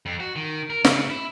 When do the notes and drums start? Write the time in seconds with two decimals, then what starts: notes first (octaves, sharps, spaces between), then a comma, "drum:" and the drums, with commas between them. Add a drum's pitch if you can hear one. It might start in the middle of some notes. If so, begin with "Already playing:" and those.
0.06 F2
0.20 F#4
0.36 D#3
0.70 A#4
0.85 C#3, drum: snare
1.10 E4